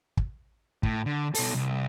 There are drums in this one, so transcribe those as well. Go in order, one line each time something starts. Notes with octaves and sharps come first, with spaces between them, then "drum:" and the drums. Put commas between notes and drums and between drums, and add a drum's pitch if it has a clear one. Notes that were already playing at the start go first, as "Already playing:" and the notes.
drum: kick
A2, drum: kick
D3
B2 A4, drum: open hi-hat
C2